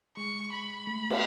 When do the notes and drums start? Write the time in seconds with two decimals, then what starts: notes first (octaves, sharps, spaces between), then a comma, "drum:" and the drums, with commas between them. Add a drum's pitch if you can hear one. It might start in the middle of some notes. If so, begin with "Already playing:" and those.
0.17 G#3 C#6
0.53 B5
0.87 A3
1.10 B3, drum: cymbal